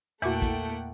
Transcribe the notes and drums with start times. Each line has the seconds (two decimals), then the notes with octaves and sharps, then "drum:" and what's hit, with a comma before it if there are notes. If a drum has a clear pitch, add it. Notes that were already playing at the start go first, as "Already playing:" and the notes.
0.22 E2 A#2 A3 A#3 E4 F#4 F#5 G5
0.42 drum: kick A#1, hi-hat